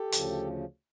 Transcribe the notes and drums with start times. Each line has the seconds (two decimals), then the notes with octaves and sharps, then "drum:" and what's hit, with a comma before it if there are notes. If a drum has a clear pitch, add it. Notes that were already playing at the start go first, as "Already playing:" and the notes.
Already playing: G4 A4
0.12 D2 C#3 F3, drum: hi-hat